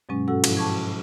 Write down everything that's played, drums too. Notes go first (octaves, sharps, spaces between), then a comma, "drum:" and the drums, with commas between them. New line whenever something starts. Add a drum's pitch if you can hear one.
G2 B2 F#3 G#3 C#4
G#2 C#4 F#4 A4 F#5 E6
G#2 F3 E4, drum: cymbal
G5 A5 C#6 D6 G#6